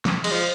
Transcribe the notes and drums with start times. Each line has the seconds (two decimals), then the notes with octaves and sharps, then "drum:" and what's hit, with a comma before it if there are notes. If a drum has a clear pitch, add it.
0.05 drum: snare
0.24 G#3, drum: cymbal
0.32 F3